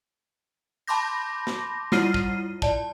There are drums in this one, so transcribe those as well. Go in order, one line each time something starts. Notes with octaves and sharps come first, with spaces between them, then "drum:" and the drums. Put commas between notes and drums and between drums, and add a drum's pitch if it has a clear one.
A5 B5 C6 D6 G6 A#6
drum: snare
G3 E4 F4 F6 C7 D#7, drum: snare
drum: kick
D5 A5, drum: kick